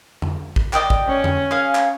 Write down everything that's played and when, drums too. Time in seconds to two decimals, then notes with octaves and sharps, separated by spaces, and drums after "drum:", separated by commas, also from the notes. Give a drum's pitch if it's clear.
0.22 drum: tom F2
0.56 drum: kick A1
0.73 D5 D#5 G5, drum: clap
0.90 drum: kick A1
1.07 C#4
1.24 drum: tom F2
1.51 G#4 F5
1.75 drum: clap